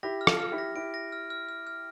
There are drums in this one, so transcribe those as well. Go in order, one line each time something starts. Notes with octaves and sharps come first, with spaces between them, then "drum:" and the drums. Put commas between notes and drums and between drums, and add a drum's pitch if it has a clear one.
E4 G4 A#6
F6
F4 A4, drum: rim click
F6
E4 G4
A#6
E4 G4 D7
A#6
F6
F6
F6
F6